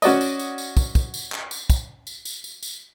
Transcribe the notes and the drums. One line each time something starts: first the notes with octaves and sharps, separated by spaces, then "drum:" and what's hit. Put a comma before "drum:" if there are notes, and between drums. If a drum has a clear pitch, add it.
C#4 F#4 D5 D#5, drum: tambourine
drum: tambourine
drum: tambourine
drum: tambourine
drum: kick, tambourine
drum: kick, tambourine
drum: tambourine
drum: clap
drum: tambourine
drum: kick, tambourine
drum: tambourine
drum: tambourine
drum: tambourine
drum: tambourine